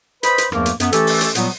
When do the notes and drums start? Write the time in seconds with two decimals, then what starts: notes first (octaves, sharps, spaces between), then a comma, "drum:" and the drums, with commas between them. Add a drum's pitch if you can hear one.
0.23 B4 C5 D#5 B5, drum: hi-hat
0.38 drum: hi-hat
0.52 E2 G2 F3 A3 A#3 A#4, drum: rim click
0.66 drum: hi-hat
0.80 F#2 B3, drum: hi-hat
0.93 E3 A3 C#4 G4 A4, drum: hi-hat
1.07 drum: open hi-hat
1.21 drum: hi-hat
1.35 A#2 F#3 G3 B3, drum: hi-hat